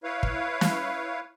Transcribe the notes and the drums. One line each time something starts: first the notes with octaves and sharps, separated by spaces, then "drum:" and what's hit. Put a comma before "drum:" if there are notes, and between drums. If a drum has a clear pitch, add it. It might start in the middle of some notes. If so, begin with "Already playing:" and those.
E4 B4 C#5 F5
drum: kick
drum: snare